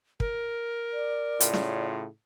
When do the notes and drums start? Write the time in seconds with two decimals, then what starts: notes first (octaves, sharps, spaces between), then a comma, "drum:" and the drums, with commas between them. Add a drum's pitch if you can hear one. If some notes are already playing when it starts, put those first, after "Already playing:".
0.20 A#4, drum: kick
0.93 D5
1.40 A2 C#3 F4, drum: hi-hat
1.53 drum: snare